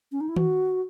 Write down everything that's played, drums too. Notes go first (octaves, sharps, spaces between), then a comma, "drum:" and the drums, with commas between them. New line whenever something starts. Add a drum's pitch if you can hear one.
C#4
D#4
E4
F#4, drum: tom D#3